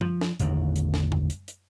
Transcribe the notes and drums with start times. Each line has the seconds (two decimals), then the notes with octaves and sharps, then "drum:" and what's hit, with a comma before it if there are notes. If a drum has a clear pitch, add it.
0.01 F3, drum: tom F#2
0.21 drum: snare
0.40 A1 E2 D3 D#3, drum: hi-hat
0.76 drum: hi-hat
0.94 drum: snare
1.12 drum: tom F#2
1.30 drum: hi-hat
1.48 drum: hi-hat